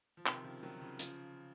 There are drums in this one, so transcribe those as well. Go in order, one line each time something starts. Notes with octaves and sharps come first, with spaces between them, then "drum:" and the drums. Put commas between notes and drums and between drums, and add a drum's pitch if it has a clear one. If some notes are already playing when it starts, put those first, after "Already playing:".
F3
C3 D#3, drum: clap
C#3 F3
D#3 F#3
C#3 F3
C#3 F3, drum: hi-hat